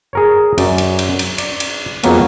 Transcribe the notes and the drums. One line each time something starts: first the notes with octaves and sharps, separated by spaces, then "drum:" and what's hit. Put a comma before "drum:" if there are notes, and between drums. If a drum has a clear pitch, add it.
G#4 A#4 C#5
F#2 D5, drum: cymbal
drum: cymbal
drum: cymbal
drum: cymbal
D5, drum: cymbal
drum: cymbal
F2 F#3 G#3 A#3 B3 C#4, drum: cymbal